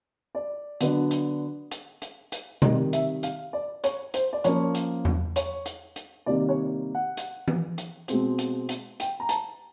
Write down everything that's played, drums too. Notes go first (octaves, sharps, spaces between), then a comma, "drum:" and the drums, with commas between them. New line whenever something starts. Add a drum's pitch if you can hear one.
D5
D3 F#3 B3 D4, drum: hi-hat
drum: hi-hat
drum: hi-hat
drum: hi-hat
drum: hi-hat
C3 D#3 G3 D#5, drum: tom B2
E5, drum: hi-hat
F5, drum: hi-hat
D5
C#5, drum: hi-hat
C5, drum: hi-hat
D5
F3 A#3 C#4 C#5, drum: hi-hat
drum: hi-hat
drum: tom E2
C#5, drum: hi-hat
drum: hi-hat
drum: hi-hat
C3 D#3 G3 A#3 D#4 D5
C#5
F#5
drum: hi-hat
drum: tom E3
drum: hi-hat
B2 G#3 C4, drum: hi-hat
drum: hi-hat
drum: hi-hat
G5, drum: hi-hat
A#5
A5, drum: hi-hat